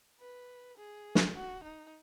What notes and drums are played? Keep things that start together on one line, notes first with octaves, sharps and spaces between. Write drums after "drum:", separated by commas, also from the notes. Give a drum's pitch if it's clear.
B4
G#4
drum: snare
F#4
D#4